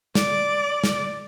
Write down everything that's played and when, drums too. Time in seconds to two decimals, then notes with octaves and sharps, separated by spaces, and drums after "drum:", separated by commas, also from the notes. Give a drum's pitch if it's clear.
0.15 D5, drum: snare
0.84 drum: snare